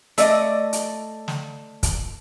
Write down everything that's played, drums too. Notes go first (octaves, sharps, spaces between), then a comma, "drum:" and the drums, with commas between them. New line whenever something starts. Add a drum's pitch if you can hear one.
A3 D5 D#5, drum: hi-hat
drum: hi-hat
drum: snare
drum: kick, hi-hat